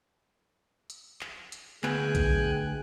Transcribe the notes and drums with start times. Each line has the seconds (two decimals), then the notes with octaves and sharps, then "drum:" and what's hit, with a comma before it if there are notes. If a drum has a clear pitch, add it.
0.90 drum: hi-hat
1.21 drum: clap
1.52 drum: hi-hat
1.84 D2 B3 G#4 G5 G#5 F#6, drum: clap
2.15 drum: kick A#1, hi-hat